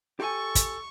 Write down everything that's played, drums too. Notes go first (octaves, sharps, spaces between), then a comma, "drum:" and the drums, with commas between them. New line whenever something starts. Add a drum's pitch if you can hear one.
G4 A4 G#5 C#6
drum: kick, hi-hat